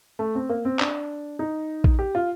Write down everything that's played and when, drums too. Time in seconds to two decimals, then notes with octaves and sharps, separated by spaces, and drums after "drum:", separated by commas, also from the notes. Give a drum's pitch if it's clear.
0.19 A3
0.35 C4
0.49 A#3
0.65 C4
0.79 D4, drum: clap
1.39 D#4
1.84 drum: kick A#1
1.99 G4
2.15 F4